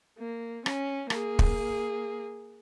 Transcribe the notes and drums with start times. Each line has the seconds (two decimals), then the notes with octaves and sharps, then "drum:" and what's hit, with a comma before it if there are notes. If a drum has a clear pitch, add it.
0.19 A#3
0.66 C#4, drum: rim click
1.10 A#3 G#4, drum: rim click
1.39 drum: kick